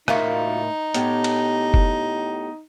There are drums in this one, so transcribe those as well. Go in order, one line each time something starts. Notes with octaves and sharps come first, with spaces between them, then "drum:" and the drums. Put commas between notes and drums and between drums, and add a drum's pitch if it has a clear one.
A2 A#3 D#4 F4 F#4 A#4 E5, drum: rim click
A2 B3 G4, drum: hi-hat
drum: cymbal
drum: kick F#1